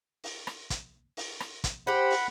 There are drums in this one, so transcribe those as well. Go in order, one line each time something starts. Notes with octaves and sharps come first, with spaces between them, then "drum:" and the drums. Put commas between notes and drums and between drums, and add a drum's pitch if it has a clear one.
drum: open hi-hat
drum: rim click
drum: kick, hi-hat
drum: open hi-hat
drum: rim click
drum: kick, hi-hat
G4 C5 F#5 B5
drum: open hi-hat